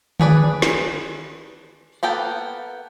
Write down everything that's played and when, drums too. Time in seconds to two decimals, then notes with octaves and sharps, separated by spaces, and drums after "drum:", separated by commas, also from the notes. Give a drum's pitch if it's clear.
0.20 D4 G#4 B4 D5, drum: tom D3
0.62 drum: snare
2.03 A#3 B3 A4 G5